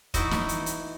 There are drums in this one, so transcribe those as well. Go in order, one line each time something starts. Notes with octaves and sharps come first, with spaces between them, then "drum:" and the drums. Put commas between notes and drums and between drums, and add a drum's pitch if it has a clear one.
E3 D#4 E4 F#4, drum: kick, hi-hat
drum: snare
drum: hi-hat
drum: hi-hat